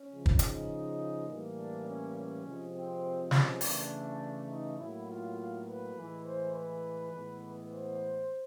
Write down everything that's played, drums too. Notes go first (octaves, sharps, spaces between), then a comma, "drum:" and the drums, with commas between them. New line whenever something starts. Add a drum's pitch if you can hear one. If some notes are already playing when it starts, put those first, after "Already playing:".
Already playing: C#4
C#3 F3 G#3
drum: kick
D#4, drum: hi-hat
A2 E3 G3 A#3
D4
C#4
C#4
C3 F3 G#3
C4
C#4, drum: snare
C#3 E3 A3 D4, drum: open hi-hat
D#4
A2 F#3 A#3 E4
F4
B4
A2 E3 G#3
C5
B4
A2 E3 G#3 B3
C5